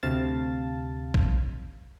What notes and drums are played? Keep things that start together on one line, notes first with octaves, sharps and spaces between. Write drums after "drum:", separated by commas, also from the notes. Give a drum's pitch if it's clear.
D2 C3 F5 A5 A6
drum: kick